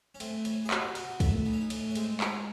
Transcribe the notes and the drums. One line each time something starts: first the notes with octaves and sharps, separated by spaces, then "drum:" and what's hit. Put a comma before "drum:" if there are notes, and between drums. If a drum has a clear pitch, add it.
C#4
A3 C4, drum: cymbal
E3 C#4, drum: cymbal
G#4
C3 F#4, drum: clap
C3 F#4, drum: cymbal
A3 E4, drum: kick, cymbal
E3 D#4
C#4
D#4
A2 C#4, drum: cymbal
C#4
G#3 C4, drum: cymbal
G#3 C#4, drum: clap